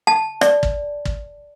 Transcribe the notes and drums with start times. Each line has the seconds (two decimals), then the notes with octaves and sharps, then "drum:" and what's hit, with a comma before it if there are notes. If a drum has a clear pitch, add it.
0.07 A5
0.41 D5, drum: rim click
0.63 drum: kick
1.05 drum: kick